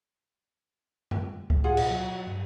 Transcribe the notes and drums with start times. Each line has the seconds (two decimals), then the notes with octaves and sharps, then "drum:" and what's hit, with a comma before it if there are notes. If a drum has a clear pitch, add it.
1.11 drum: tom F#2
1.50 A2, drum: kick C#2
1.64 A2 F4 G#4 F#5
1.77 B2, drum: cymbal
1.90 F#3
2.27 G2